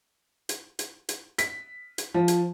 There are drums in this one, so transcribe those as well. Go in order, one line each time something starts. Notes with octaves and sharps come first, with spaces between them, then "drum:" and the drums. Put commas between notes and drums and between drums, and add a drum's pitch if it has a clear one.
drum: hi-hat
drum: hi-hat
drum: hi-hat
B6, drum: hi-hat
drum: hi-hat
F3
drum: hi-hat